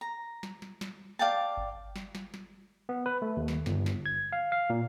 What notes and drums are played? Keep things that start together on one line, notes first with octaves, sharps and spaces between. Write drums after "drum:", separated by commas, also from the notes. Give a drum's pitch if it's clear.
A#5
drum: snare
drum: snare
drum: snare
D5 F5 G5 A5
drum: kick G1
drum: snare
drum: snare
drum: snare
B3
B4
A3
D#2
drum: snare
G1, drum: snare
drum: snare
G#6
F5
F5
A#2